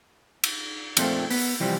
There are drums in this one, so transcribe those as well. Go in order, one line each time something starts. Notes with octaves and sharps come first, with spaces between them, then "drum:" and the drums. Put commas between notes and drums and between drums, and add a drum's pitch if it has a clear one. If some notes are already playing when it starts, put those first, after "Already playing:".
drum: cymbal
F2 A#2 F3 A3 C4, drum: cymbal
B3, drum: open hi-hat
C3 E3 F3 G3 C4